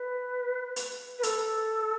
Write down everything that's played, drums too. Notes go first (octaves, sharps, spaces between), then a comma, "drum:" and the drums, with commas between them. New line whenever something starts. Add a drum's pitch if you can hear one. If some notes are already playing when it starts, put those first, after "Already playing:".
Already playing: B4
drum: hi-hat
B4
A4, drum: hi-hat